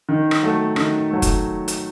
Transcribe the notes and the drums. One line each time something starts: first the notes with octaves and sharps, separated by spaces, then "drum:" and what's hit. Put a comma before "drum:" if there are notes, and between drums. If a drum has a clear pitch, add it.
D#3
drum: rim click
F#3 A3
D#3, drum: rim click
F#3 A3
drum: kick, hi-hat
drum: hi-hat